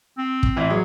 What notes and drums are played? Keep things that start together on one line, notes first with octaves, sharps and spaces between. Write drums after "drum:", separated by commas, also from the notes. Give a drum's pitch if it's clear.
C4
drum: kick
A1 E3
F#3 G#4